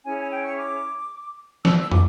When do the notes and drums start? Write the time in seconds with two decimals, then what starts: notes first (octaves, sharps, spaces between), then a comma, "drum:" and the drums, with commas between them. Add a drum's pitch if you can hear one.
0.04 C#4 E4 G#4 C#5 G#5
0.18 G#5
0.31 G5
0.44 C#6
0.58 D6
1.65 E6, drum: snare
1.78 E6
1.91 D6, drum: tom